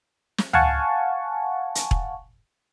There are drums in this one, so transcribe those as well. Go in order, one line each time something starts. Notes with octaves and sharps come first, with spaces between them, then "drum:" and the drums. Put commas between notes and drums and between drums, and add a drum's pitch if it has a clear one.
drum: snare
F5 F#5 G#5 A5 C#6, drum: tom
drum: hi-hat
drum: kick E1